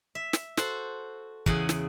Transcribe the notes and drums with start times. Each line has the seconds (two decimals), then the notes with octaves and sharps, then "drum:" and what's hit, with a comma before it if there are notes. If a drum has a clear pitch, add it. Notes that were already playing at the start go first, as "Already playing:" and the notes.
0.15 E5
0.33 drum: snare
0.57 F#4 A4 C5, drum: snare
1.46 E2 C#3 F#5 G#5, drum: kick
1.69 drum: snare